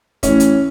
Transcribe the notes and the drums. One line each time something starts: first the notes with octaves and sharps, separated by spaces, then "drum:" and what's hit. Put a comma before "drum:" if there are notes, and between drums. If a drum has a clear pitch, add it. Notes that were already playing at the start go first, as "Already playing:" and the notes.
A2 E3 C#4, drum: kick, hi-hat
drum: hi-hat